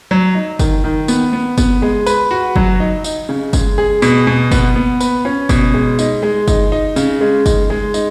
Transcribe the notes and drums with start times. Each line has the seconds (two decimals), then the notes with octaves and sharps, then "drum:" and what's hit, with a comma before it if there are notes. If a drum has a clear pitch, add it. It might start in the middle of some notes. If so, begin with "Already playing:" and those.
0.11 F#3
0.35 D#4
0.59 D#3, drum: kick, tambourine
0.84 D#3
1.08 B3, drum: tambourine
1.33 B3
1.58 B3, drum: kick, tambourine
1.82 G#3
2.06 B4, drum: tambourine
2.31 F#4
2.56 F#3, drum: kick
2.80 D#4
3.04 D#4, drum: tambourine
3.29 C#3
3.53 G#3, drum: kick, tambourine
3.78 G#4
4.02 B2, drum: tambourine
4.27 B2
4.51 B3, drum: kick, tambourine
4.76 B3
5.00 B4, drum: tambourine
5.25 C#4
5.49 B2, drum: kick, tambourine
5.74 G#3
5.99 D#4, drum: tambourine
6.23 G#3
6.48 D#4, drum: kick, tambourine
6.72 D#4
6.96 C#3, drum: tambourine
7.21 G#3
7.46 D#4, drum: kick, tambourine
7.70 G#3
7.94 D#4, drum: tambourine